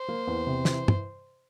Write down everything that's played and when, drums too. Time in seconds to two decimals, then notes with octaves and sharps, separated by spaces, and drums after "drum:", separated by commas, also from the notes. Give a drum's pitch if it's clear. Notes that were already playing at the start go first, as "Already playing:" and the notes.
Already playing: C5
0.08 A#3
0.27 E2
0.47 C3
0.65 E3, drum: snare
0.88 drum: tom